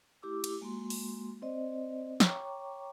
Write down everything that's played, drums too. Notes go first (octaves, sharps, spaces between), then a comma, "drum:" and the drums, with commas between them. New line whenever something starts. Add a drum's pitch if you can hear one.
A3 E4 G4 D6 E6
drum: cymbal
G#3 A#3 F#4 C6
drum: open hi-hat
C4 C5 D5 D#5
C#5 G5 A#5 C#6 D6, drum: snare